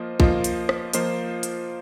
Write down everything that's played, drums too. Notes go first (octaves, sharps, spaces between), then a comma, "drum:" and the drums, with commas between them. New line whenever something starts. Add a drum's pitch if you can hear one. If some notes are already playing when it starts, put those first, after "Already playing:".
Already playing: F3 A#3 F4 C5 D#5
F3 A#3 F4 C5 D#5, drum: kick A#1
drum: hi-hat
drum: rim click
F3 A#3 F4 C5 D#5, drum: hi-hat
drum: hi-hat